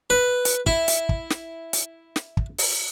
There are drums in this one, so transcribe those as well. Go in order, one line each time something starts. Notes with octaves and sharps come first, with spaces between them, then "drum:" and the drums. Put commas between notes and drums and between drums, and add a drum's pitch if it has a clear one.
B4
drum: hi-hat
E4, drum: kick
drum: hi-hat
drum: kick
drum: snare
drum: hi-hat
drum: snare
drum: kick
drum: open hi-hat